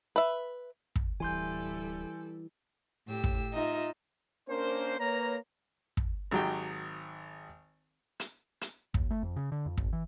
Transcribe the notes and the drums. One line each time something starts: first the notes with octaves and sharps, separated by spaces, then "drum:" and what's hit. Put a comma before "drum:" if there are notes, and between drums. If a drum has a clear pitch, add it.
B4 E5
drum: kick
D1 E3 G3 A4 G#5 C6 G6
A2 G4 E6
drum: kick
D#4 F4 D#5 E5
A#3 C#4 D4 A#4 C5
A#3 B4 C#5 A#5
drum: kick
G#1 D#3 F#3 G4 G5
drum: hi-hat
drum: hi-hat
D#2, drum: kick
A3
F2
C#3
D3
F2
G#1, drum: kick
E3